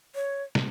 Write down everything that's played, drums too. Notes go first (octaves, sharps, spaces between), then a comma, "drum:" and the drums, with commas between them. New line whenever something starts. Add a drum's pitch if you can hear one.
C#5
drum: snare